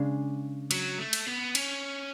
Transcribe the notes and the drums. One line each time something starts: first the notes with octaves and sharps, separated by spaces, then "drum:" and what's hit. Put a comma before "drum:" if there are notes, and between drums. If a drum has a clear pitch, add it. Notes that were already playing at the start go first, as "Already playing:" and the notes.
Already playing: C#3 G#3 D4
F#3, drum: cymbal
A3
drum: cymbal
B3
C#4, drum: cymbal